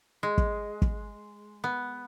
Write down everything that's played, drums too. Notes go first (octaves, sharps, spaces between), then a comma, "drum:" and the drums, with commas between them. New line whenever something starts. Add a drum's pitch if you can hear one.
G#3
drum: kick
drum: kick
B3